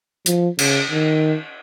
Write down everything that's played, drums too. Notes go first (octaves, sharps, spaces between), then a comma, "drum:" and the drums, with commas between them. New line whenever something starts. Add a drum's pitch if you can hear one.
F3, drum: hi-hat
C#3, drum: cymbal
D#3